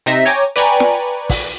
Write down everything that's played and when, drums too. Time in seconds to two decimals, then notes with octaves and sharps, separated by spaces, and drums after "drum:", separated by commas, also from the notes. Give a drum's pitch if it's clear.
0.06 C3 D#4 E5 A#6 B6, drum: hi-hat
0.26 C#5 G5 G#5 A#5 D6
0.56 B4 D5 G5 G#5 A#5 C#6, drum: hi-hat
0.80 drum: snare
1.30 drum: kick, open hi-hat